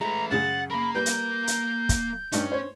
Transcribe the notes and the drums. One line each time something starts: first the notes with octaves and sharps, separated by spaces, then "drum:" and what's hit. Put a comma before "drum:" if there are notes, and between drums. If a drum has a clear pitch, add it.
G#3 A3 B4 A#5
F#2 C#3 G#4 F#5 A6
A#3 A#4 B5
G3 B4 G6
drum: hi-hat
drum: hi-hat
drum: kick, hi-hat
G2 C#4 D#4, drum: hi-hat
C5 C#5